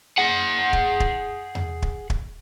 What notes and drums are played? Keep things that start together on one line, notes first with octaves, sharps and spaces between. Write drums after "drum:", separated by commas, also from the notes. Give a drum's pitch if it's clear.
G#4 F#5
drum: kick
drum: kick
drum: tom E2
drum: kick
drum: kick